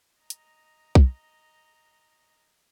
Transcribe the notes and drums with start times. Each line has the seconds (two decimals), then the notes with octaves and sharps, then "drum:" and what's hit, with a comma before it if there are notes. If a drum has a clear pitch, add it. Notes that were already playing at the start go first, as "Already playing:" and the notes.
0.20 D#5 A#5
0.30 drum: hi-hat
0.95 drum: kick B1